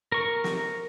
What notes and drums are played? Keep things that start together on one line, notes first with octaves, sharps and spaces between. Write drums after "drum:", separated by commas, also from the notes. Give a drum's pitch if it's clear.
A#4 C#6
drum: snare